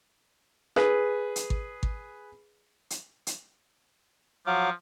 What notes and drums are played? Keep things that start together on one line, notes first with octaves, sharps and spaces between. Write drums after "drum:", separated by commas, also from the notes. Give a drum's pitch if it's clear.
G#4 B4, drum: rim click
drum: hi-hat
drum: kick G#1
drum: kick G#1
drum: hi-hat
drum: hi-hat
F3 F#3 F5 D6